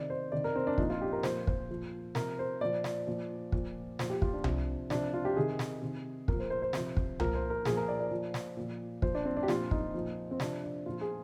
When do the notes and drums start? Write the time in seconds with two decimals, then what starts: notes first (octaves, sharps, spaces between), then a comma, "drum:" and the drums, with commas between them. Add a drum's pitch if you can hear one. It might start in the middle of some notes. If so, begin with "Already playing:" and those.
Already playing: C3 D#3 D5
0.10 C5
0.32 C3 D#3 D5
0.44 A#4
0.56 C4
0.67 D4
0.78 A#2 F3 D#4, drum: kick
0.90 F4
1.02 G4
1.13 A#4
1.23 A#2 F3 C5, drum: snare
1.47 C5, drum: kick
1.70 A#2 F3
2.15 C3 F3 A#4, drum: snare
2.39 C5
2.61 A#2 F3 D5
2.84 D5, drum: snare
3.07 A#2 F3
3.52 A#2 F3, drum: kick
3.99 A#2 F3 C5, drum: snare
4.10 G4
4.22 F4, drum: kick
4.33 D4
4.44 C3 F3, drum: tom C2
4.90 C3 F3 D4, drum: snare
5.14 F4
5.25 G4
5.37 C3 D#3 G#4
5.59 drum: snare
5.82 C3 D#3
6.28 A#2 F3 A#4, drum: kick
6.40 C5
6.50 C5
6.62 C5
6.73 C3 F3, drum: snare
6.97 drum: kick
7.20 A#2 F3 A#4, drum: tom C2
7.35 C5
7.50 A#4
7.65 A#2 F3 G#4, drum: snare
7.77 A#4
7.88 D5
8.00 D5
8.11 A#2 F3
8.34 drum: snare
8.57 A#2 F3
9.02 A#2 F3 C5, drum: kick
9.15 D4
9.25 C4
9.37 D4
9.43 G4
9.48 A#2 F3 F4, drum: snare
9.71 D#4, drum: kick
9.94 A#2 F3
10.31 C4
10.40 C3 F3 D4, drum: snare
10.64 D4
10.86 A#2 F3 F4
11.01 G#4